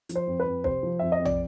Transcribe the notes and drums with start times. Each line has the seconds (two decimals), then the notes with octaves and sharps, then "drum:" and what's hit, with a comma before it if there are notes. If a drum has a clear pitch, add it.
0.09 F3, drum: hi-hat
0.15 C5
0.27 F2
0.40 B4
0.46 F2
0.64 C3 C5, drum: kick
0.83 F3
0.99 F2 E5
1.12 D#5
1.20 F2
1.25 D5, drum: tom